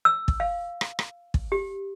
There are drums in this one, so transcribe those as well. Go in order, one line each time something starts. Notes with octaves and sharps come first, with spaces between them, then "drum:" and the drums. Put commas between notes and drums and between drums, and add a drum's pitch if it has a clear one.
E6
drum: kick
F5
drum: rim click
drum: rim click
drum: kick
G4